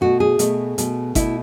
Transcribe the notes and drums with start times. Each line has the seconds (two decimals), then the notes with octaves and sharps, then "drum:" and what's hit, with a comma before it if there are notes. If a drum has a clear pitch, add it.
0.01 B2 A3 F#4
0.20 G#4
0.39 B2 A3, drum: hi-hat
0.78 B2 A3, drum: hi-hat
1.15 B2 A3 E4, drum: kick G1, hi-hat